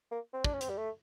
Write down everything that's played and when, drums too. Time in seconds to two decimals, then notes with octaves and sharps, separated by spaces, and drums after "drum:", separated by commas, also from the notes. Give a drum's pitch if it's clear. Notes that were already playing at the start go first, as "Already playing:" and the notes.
0.11 A#3
0.33 C4
0.44 D4, drum: kick
0.53 C#4
0.61 C4, drum: hi-hat
0.69 G3
0.78 A3